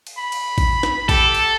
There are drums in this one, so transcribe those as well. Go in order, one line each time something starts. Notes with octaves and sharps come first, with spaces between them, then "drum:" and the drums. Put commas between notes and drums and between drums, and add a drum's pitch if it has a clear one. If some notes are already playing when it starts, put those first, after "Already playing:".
drum: cymbal
B5
drum: cymbal
drum: kick G#1, cymbal
drum: snare
G4 A4, drum: kick G#1, cymbal
drum: cymbal